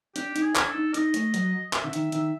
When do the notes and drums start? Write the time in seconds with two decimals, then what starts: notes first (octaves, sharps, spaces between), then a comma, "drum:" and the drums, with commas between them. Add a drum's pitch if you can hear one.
0.16 D4 G4, drum: hi-hat
0.36 D#4, drum: hi-hat
0.42 G#4
0.55 D4, drum: clap
0.69 A4
0.75 D#4
0.94 D#4 D#5, drum: hi-hat
1.14 A3, drum: hi-hat
1.34 F#3, drum: hi-hat
1.73 E5, drum: clap
1.84 D3
1.93 D#3, drum: hi-hat
2.12 D#3, drum: hi-hat